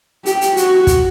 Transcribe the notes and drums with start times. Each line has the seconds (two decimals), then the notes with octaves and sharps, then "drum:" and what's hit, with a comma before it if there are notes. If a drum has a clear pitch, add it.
0.26 G4, drum: hi-hat
0.41 drum: hi-hat
0.57 F#4, drum: hi-hat
0.87 drum: kick, hi-hat